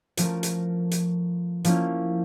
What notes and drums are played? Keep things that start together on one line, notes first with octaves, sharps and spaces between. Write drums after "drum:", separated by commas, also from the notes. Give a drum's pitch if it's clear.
F3 A3 C#4 F4 A#4, drum: hi-hat
drum: hi-hat
drum: hi-hat
F3 A#3 C#4 E4, drum: hi-hat